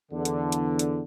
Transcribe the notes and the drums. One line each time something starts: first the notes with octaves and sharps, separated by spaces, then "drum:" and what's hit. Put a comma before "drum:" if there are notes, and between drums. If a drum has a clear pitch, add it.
E2 D3
drum: hi-hat
drum: hi-hat
drum: hi-hat